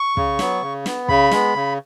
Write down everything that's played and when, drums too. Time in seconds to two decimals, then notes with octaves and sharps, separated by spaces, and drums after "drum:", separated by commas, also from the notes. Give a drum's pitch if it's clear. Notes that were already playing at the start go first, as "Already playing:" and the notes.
Already playing: C#6
0.17 C#3, drum: kick
0.39 F#3 B3, drum: snare
0.62 C#3
0.86 B3, drum: snare
1.09 C#3 B5, drum: kick
1.31 G#3 B3, drum: snare
1.55 C#3